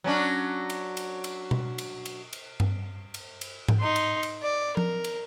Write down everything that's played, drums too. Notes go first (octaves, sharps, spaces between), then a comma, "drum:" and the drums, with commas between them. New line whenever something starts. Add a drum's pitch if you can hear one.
F#3 C#4 D4
drum: cymbal
drum: cymbal
drum: cymbal
drum: tom B2
drum: cymbal
drum: cymbal
drum: cymbal
drum: tom G2
drum: cymbal
drum: cymbal
drum: tom G#2
D#4 C6
drum: cymbal
drum: cymbal
D5
A#4, drum: tom F3
drum: cymbal